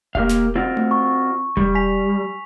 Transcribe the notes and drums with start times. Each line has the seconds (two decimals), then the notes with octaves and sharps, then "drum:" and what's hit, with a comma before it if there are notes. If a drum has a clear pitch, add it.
0.15 A#3 G4 F5, drum: kick E1
0.29 drum: snare
0.55 C4 F4 F#4
0.77 drum: tom A3
0.91 C#6
1.57 G3, drum: kick E1
1.75 G#5 B6 F7